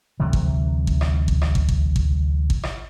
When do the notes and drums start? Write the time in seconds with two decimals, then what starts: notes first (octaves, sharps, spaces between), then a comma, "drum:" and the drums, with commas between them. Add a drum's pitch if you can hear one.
0.20 D2 C3 E3 F#3
0.33 drum: kick
0.87 drum: kick
1.01 drum: rim click
1.28 drum: kick
1.42 drum: rim click
1.55 drum: kick
1.69 drum: kick
1.96 drum: kick
2.50 drum: kick
2.63 drum: rim click